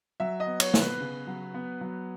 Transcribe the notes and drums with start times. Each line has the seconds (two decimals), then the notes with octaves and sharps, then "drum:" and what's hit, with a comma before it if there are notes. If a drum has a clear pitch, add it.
0.20 F#3 E5
0.40 D#5
0.47 B3
0.60 C#5, drum: cymbal
0.74 B3, drum: snare
0.80 B4
1.00 C#3
1.27 F#3
1.54 B3
1.81 F#3